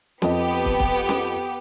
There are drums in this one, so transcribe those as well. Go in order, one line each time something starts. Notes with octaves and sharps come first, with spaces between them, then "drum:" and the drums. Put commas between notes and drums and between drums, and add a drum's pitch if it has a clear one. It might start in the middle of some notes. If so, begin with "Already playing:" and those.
F2 B3 G4 D#5, drum: snare
drum: kick
drum: kick
drum: snare